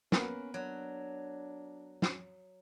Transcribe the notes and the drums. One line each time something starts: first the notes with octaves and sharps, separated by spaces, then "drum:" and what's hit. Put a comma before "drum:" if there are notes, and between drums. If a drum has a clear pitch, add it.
A#3 B3 C#4 A#4 B4, drum: snare
F#3 D4
drum: snare